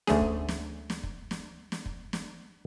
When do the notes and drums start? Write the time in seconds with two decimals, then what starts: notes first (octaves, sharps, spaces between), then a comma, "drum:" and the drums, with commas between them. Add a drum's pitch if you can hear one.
0.07 D2 A3 C#4 G#4, drum: snare
0.21 drum: kick
0.49 drum: snare
0.90 drum: snare
1.03 drum: kick
1.31 drum: snare
1.72 drum: snare
1.86 drum: kick
2.13 drum: snare